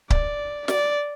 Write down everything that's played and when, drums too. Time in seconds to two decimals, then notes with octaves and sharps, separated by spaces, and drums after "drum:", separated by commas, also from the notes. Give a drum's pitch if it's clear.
0.10 D5, drum: kick C#1
0.68 D5, drum: snare